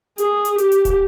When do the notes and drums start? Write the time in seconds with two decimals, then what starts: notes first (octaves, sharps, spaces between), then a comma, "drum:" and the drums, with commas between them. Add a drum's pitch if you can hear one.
0.18 G#4, drum: hi-hat
0.45 drum: hi-hat
0.58 G4, drum: hi-hat
0.72 drum: hi-hat
0.85 drum: kick, hi-hat